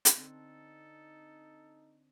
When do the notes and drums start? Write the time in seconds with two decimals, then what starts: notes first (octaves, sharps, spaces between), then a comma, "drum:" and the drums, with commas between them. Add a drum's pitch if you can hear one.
0.05 drum: hi-hat
0.16 D3 C4 D#4 A4